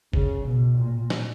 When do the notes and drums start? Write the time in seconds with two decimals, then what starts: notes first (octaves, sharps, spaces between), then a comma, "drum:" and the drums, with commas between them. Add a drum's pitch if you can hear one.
0.13 C#3, drum: kick G1
0.46 B2
0.78 A#2
1.10 drum: snare